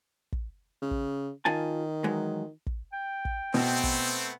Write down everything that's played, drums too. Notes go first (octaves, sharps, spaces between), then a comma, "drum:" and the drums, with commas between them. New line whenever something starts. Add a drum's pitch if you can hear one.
drum: kick
C#3
drum: kick
D#3 F4 G#5 A5
E3 F#3 G#3
drum: kick
G5
drum: kick
B2 A3 B3 C4
drum: kick